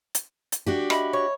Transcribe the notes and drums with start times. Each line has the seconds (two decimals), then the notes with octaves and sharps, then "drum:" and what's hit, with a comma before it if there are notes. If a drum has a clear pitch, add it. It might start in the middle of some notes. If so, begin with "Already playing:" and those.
0.15 drum: hi-hat
0.52 drum: hi-hat
0.66 D4 F#4 G4
0.90 D#5 E5 B5, drum: rim click
1.13 C#5